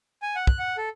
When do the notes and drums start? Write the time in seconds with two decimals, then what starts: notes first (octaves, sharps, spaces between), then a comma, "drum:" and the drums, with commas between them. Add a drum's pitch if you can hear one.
0.22 G#5
0.36 F#5
0.47 F#6, drum: kick
0.59 F#5
0.78 A4